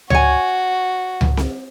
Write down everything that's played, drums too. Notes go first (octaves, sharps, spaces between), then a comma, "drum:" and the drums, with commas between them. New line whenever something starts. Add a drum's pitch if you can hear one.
F#4 C#5 G#5, drum: tom C#2
drum: tom C#2
drum: snare C4